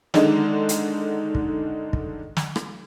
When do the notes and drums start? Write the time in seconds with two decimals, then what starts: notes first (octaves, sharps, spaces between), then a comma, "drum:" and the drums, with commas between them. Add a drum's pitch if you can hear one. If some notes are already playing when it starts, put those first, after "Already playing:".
0.14 D3 D#3 G#3 D4 D#4, drum: snare
0.69 drum: hi-hat
1.35 drum: kick
1.93 drum: kick
2.37 drum: snare
2.56 drum: rim click